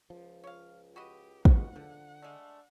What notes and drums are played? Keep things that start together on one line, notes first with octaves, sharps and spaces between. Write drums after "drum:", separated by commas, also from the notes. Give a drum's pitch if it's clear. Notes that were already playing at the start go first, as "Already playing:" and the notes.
C#2 F3
C#5 F5
F#4 G4 B4 D#5
C#3 F3 G#3 B3 C#4 F#5, drum: kick
D3 F3
G#3 A3 D4